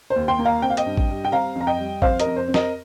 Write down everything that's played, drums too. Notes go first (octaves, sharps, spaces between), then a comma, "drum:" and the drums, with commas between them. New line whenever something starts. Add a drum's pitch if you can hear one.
C5
D#2
G5 C6
A#3
F5 A#5
C4 G5
F5
D#5 G5, drum: hi-hat
G2
drum: kick
G3
G5
C4 F5 A#5
F2
A#5
D#5 G5
G3
F2 C5 F5, drum: kick
A#4 D#5, drum: hi-hat
F2
C5
C4
A#4 D#5, drum: snare